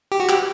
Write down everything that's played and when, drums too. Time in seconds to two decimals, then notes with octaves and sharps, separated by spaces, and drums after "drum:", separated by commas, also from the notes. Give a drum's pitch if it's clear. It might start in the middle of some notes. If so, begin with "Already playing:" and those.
0.12 G4
0.20 F#4
0.29 G4, drum: clap